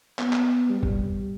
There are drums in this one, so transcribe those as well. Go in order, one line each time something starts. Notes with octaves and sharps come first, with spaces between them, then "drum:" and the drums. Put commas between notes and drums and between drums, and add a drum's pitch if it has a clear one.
B3, drum: clap
drum: clap
G3
drum: kick F#1